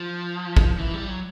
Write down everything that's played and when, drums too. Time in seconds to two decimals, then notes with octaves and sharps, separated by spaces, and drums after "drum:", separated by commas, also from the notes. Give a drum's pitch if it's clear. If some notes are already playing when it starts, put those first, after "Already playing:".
Already playing: F3
0.57 drum: kick
0.79 E3
0.94 G3
1.08 F#3